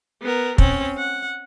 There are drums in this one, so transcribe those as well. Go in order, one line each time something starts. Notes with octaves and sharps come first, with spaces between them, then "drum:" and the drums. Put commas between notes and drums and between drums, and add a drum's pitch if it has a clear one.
B3 A#4
C4 C#4, drum: kick
F#5